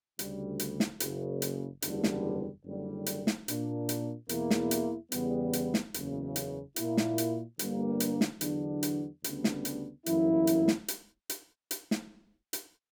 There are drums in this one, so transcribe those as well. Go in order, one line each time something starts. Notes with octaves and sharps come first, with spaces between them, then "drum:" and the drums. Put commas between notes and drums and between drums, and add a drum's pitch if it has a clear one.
D2 C#3 G3, drum: hi-hat
drum: hi-hat
drum: snare
F#1 F#2 C#3, drum: hi-hat
drum: hi-hat
F#1 E2 D3 G3, drum: hi-hat
drum: snare
F#1 F#2 D3 G3
drum: hi-hat
drum: snare
A#2 A#3 D4, drum: hi-hat
drum: hi-hat
E2 B2 A#3 E4, drum: hi-hat
drum: snare
drum: hi-hat
E2 C#3 G3 B3, drum: hi-hat
drum: hi-hat
drum: snare
F#1 E2 C#3, drum: hi-hat
drum: hi-hat
A#2 A#3 E4, drum: hi-hat
drum: snare
drum: hi-hat
G1 G2 D3 G3 A#3, drum: hi-hat
drum: hi-hat
drum: snare
E2 D3 F#3 B3 D4, drum: hi-hat
drum: hi-hat
D2 C#3 G3 B3 D4, drum: hi-hat
drum: snare
drum: hi-hat
G1 F#2 E3 A#3 E4, drum: hi-hat
drum: hi-hat
drum: snare
drum: hi-hat
drum: hi-hat
drum: hi-hat
drum: snare
drum: hi-hat